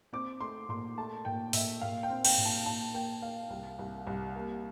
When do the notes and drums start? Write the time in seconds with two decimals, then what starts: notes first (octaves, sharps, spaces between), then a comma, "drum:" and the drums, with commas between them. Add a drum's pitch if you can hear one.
0.13 C4 D6
0.41 A3 C6
0.69 A#2 C6
0.98 A3 A5
1.25 A#2 G5
1.53 A#2 E5, drum: open hi-hat
1.81 A#2 F5
2.03 G5
2.10 C4
2.25 G5, drum: cymbal
2.38 A#2
2.45 A5
2.66 A#2 A5
2.94 A#3 G5
3.22 A#3 F5
3.50 C2
3.79 C2
4.07 C2
4.36 A#3